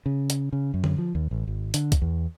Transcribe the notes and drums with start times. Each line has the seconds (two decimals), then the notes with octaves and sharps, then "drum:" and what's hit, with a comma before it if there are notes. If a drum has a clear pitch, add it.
0.06 C#3
0.30 drum: hi-hat
0.53 C#3
0.74 F#2
0.84 drum: tom D3
0.98 F3
1.15 D#2
1.31 A1
1.47 G#1
1.74 D3, drum: hi-hat
1.92 drum: kick B1, hi-hat
2.02 E2